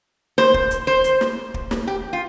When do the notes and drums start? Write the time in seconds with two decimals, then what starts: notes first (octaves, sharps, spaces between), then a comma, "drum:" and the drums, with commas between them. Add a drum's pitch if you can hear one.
0.38 C5, drum: snare
0.54 drum: kick
0.71 drum: hi-hat
0.87 C5
1.04 drum: hi-hat
1.21 drum: snare
1.54 drum: kick
1.71 drum: snare
1.87 G4
2.13 F4